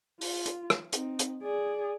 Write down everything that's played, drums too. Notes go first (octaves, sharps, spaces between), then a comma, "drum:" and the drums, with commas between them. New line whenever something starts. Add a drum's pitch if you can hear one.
F4, drum: open hi-hat
drum: hi-hat
drum: rim click
C4 D#4, drum: hi-hat
drum: hi-hat
G#4 D5